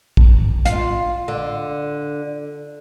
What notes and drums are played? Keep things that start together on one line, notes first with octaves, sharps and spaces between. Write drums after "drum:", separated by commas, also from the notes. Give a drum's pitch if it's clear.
drum: kick
F4, drum: hi-hat
D3